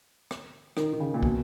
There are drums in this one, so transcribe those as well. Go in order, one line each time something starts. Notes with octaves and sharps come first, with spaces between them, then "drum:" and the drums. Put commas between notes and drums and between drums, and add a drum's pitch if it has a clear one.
drum: rim click
D#3, drum: rim click
D#3
C#3
A#2
B2, drum: kick